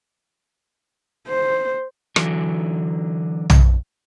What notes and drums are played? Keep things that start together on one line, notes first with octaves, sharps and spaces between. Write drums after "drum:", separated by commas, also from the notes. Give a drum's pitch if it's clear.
C5
D3 E3 F#3, drum: rim click
drum: tom